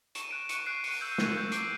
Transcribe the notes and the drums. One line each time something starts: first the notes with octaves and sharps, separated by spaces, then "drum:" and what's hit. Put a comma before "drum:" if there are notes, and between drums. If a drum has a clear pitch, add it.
C#6 E7, drum: hi-hat
D#7
F#6 D7 E7
C#6 C#7 D#7, drum: hi-hat
F#6 C7 D7
C#6 C#7 D#7, drum: open hi-hat
E6 G6
C#6, drum: snare
E6 G6
D6 C7 D7, drum: hi-hat